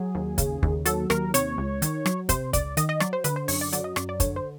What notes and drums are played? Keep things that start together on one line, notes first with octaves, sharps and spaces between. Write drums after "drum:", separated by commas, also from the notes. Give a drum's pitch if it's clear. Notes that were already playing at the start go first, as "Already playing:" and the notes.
Already playing: F#3 G#4
D#2
C#3, drum: kick, hi-hat
D#2, drum: kick
F#3 A4, drum: hi-hat
D#2 A#4, drum: rim click
C3 C#5, drum: hi-hat
C#2
D#3, drum: hi-hat
F#3, drum: rim click
C3 C5, drum: kick, hi-hat
C#2 D5, drum: kick, hi-hat
D#3 D#5, drum: hi-hat
D#5
F#3 D5, drum: rim click
C5
D3 B4, drum: hi-hat
C5
F#2 C#5, drum: open hi-hat
D5
F#3 D5, drum: hi-hat
D#5
F#2 D5, drum: rim click
D5
D3 C#5, drum: kick, hi-hat
C5